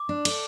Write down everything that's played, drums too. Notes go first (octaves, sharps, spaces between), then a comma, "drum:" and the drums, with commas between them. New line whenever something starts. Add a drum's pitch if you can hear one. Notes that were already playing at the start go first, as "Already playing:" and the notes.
Already playing: D6
D4
A4, drum: cymbal